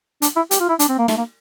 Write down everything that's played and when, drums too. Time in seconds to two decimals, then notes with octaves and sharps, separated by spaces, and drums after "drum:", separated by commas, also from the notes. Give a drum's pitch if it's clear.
0.22 D4, drum: hi-hat
0.36 E4
0.51 G4, drum: hi-hat
0.60 F4
0.69 E4
0.79 D4, drum: hi-hat
0.89 C4
0.99 A#3
1.08 A3, drum: snare
1.18 A#3